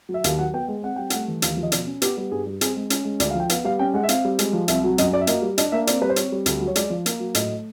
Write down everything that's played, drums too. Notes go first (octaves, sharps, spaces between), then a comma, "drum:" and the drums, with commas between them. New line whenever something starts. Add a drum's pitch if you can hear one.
F#3
E5
D#2 F5, drum: hi-hat
F#3 F#5
B3 G5
G#3
C4 F#5
G3 G5
A3 F#5, drum: hi-hat
E3
D#2 F5, drum: hi-hat
F3
D#5
B2 D5, drum: hi-hat
C#4
B3 G4, drum: hi-hat
G3
G2 G#4
G3
C4 G#4, drum: hi-hat
G#3
C#4, drum: hi-hat
G#3
D2 D5, drum: hi-hat
F5
F3 G5
B3 F5, drum: hi-hat
G3 F5
C#4 G5
G#3 F#5
E5
C4 F5, drum: hi-hat
G3
G#3, drum: hi-hat
F3
C2 E5, drum: hi-hat
F#3
F#2 D#5, drum: hi-hat
F#3 D5
E5
A#3 D#5, drum: hi-hat
G3
D4 D#5, drum: hi-hat
A#3 E5
C4 D5, drum: hi-hat
G3 B4
C5
C4 C#5, drum: hi-hat
G3
D2, drum: hi-hat
F#3
C#5
G#3 D5, drum: hi-hat
F3
A#3, drum: hi-hat
F#3
A2 D#5, drum: hi-hat
A3